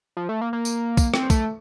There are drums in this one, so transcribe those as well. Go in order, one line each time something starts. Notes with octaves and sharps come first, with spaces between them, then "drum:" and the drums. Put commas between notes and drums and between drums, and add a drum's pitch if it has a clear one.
F3
A3
A#3
A#3
drum: tambourine
drum: kick, tambourine
C4, drum: rim click
A3, drum: kick, tambourine